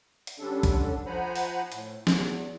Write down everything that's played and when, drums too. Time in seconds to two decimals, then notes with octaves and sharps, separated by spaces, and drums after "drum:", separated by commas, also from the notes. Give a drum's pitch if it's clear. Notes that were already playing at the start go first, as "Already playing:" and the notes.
0.27 drum: hi-hat
0.40 D3 G3 C#4 D4 A4
0.63 drum: kick, hi-hat
1.06 F3 C5 F#5 G#5 A#5 B5
1.36 drum: open hi-hat
1.72 A2, drum: hi-hat
2.07 E2, drum: snare